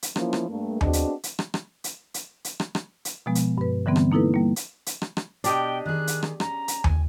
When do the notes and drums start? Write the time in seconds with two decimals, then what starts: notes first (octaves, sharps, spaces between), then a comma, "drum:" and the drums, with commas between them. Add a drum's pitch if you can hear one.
0.03 drum: hi-hat
0.16 E3 F3 A#3 C#4 E4, drum: rim click
0.33 drum: rim click
0.48 G2 A3 A#3
0.81 B3 C4 D4 F#4 G#4 D#5, drum: tom D#2
0.93 drum: hi-hat
1.23 drum: hi-hat
1.39 drum: rim click
1.54 drum: rim click
1.84 drum: hi-hat
2.14 drum: hi-hat
2.44 drum: hi-hat
2.60 drum: rim click
2.75 drum: rim click
3.05 drum: hi-hat
3.26 B2 F3 G#3 B3
3.35 drum: hi-hat
3.58 G2 B4
3.86 D3 E3 G3 B3 C4
3.96 drum: rim click
4.12 A#3 D#4 E4 A4 B4
4.34 G3 A#3
4.56 drum: hi-hat
4.86 drum: hi-hat
5.02 drum: rim click
5.17 drum: rim click
5.44 B2 D4 G4 D#5 G5, drum: hi-hat
5.86 D#3 G#4 F#6
6.07 drum: hi-hat
6.23 drum: rim click
6.40 C#4 A#5, drum: rim click
6.68 drum: hi-hat
6.84 G#5, drum: tom D#2